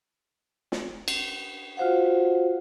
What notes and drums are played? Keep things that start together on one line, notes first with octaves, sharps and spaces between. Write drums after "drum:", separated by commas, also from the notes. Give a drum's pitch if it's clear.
drum: snare
drum: cymbal
F4 F#4 C5 F5 F#5